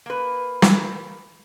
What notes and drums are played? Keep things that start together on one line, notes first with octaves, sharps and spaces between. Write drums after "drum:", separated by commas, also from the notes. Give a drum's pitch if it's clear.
A#3 B4
drum: snare